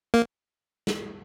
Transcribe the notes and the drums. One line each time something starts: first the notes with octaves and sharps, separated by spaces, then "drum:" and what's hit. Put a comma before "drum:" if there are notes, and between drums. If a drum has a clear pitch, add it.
A#3
drum: snare